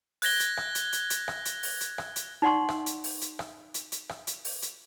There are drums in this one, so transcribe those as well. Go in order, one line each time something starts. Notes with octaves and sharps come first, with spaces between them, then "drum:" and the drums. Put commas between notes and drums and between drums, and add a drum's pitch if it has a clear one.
F#6 G#6 A#6 G7, drum: open hi-hat
drum: hi-hat
drum: rim click
drum: hi-hat
drum: hi-hat
drum: hi-hat
drum: rim click
drum: hi-hat
drum: open hi-hat
drum: hi-hat
drum: rim click
drum: hi-hat
D#4 D5 F#5 C6 C#6
drum: rim click
drum: hi-hat
drum: open hi-hat
drum: hi-hat
drum: rim click
drum: hi-hat
drum: hi-hat
drum: rim click
drum: hi-hat
drum: open hi-hat
drum: hi-hat